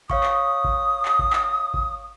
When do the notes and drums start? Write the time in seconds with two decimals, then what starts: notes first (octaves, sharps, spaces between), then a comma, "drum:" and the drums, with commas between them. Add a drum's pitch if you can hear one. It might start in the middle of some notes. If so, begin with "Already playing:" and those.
0.10 C#5 F5 C#6 D#6, drum: kick G#1
0.23 drum: clap
0.64 drum: kick G#1
1.05 drum: clap
1.19 drum: kick G#1
1.33 drum: clap
1.74 drum: kick G#1